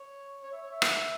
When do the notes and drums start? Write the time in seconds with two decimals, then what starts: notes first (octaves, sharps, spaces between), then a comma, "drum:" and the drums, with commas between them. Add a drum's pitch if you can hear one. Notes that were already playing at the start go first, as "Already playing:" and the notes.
Already playing: C#5
0.43 C#5
0.52 E5
0.62 C#5
0.72 E5
0.82 drum: rim click